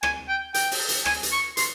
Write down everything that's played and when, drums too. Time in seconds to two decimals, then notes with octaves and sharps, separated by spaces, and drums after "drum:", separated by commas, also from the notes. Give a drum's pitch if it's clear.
0.03 G#5, drum: rim click
0.29 G5
0.54 G5, drum: hi-hat
0.71 drum: open hi-hat
0.89 drum: hi-hat
1.05 G#5, drum: rim click
1.23 drum: hi-hat
1.32 C#6
1.57 C6, drum: hi-hat